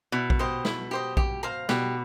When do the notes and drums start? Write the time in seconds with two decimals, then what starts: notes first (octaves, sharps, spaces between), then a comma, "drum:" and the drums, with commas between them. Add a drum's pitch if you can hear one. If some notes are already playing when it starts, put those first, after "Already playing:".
0.12 B2 E4
0.30 drum: kick A#1
0.39 G4 C5 D#5
0.65 E4, drum: snare
0.91 G4 C5 D#5
1.17 G4, drum: kick A#1
1.43 C5 F5 A#5
1.69 B2 G4, drum: snare